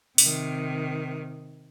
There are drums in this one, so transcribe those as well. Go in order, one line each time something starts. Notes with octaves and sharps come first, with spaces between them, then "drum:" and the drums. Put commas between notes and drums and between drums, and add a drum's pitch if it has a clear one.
C3 D#3, drum: open hi-hat